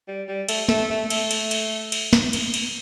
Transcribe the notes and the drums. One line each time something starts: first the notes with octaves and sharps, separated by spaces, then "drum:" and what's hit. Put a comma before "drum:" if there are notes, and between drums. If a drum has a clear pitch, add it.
G3
G3
A3, drum: cymbal
A3, drum: snare
A3
A3, drum: cymbal
drum: cymbal
drum: cymbal
drum: cymbal
drum: snare
drum: cymbal
drum: cymbal